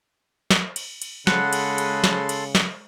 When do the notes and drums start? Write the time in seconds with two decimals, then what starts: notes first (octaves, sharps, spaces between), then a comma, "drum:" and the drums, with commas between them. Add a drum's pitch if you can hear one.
0.50 drum: snare
0.76 drum: cymbal
1.02 drum: cymbal
1.27 C#3 G#3 A4 F#5 B5 C6, drum: snare
1.53 drum: cymbal
1.78 drum: cymbal
2.04 drum: snare
2.29 drum: cymbal
2.55 drum: snare